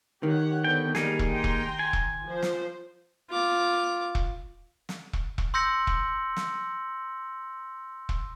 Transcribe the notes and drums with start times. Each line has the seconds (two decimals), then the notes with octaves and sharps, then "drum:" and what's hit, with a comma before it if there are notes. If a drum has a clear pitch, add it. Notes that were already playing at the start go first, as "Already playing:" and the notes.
0.23 D#3 G4 C#5 F#5
0.64 D3 B3 C#5 G5
0.95 G3 A#3 D#4 G#4, drum: snare
1.19 drum: kick E1
1.31 G5 A#5 C6
1.44 drum: kick E1
1.79 G#5
1.93 drum: kick E1
2.26 F3 C5
2.42 drum: snare
3.30 F4 D6
4.15 drum: kick E1
4.89 drum: snare
5.13 drum: kick E1
5.38 drum: kick E1
5.54 C6 E6 G6 A#6 C#7 F#7
5.87 drum: kick E1
6.37 drum: snare
8.09 drum: kick E1